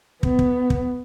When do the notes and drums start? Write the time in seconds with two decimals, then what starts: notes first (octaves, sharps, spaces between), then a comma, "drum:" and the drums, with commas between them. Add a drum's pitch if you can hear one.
0.23 B3, drum: kick
0.39 drum: kick
0.70 drum: kick